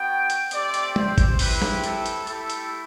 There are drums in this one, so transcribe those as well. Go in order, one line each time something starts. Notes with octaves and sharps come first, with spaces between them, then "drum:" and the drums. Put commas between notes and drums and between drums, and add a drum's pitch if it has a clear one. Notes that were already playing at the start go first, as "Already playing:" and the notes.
Already playing: B3 F#4 G5
drum: hi-hat
A3 C4 G4 D5, drum: hi-hat
drum: hi-hat
C5, drum: tom
drum: kick G1, hi-hat
C4 E4 G4 B4, drum: open hi-hat
drum: snare
A4, drum: hi-hat
drum: hi-hat
A3 E4 G4 A4, drum: hi-hat
drum: hi-hat